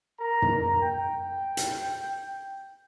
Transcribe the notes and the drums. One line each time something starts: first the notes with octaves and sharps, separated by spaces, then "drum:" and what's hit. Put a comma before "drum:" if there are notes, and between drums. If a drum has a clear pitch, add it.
A#4 A#5
drum: tom
G5
drum: hi-hat